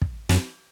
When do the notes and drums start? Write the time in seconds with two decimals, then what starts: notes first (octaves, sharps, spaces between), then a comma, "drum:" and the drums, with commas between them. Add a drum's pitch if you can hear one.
0.02 drum: kick
0.29 F#2, drum: snare